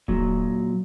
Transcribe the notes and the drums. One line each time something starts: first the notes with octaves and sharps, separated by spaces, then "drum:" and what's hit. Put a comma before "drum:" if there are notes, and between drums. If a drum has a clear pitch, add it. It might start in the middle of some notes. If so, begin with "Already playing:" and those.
A#2 F#3, drum: kick D#1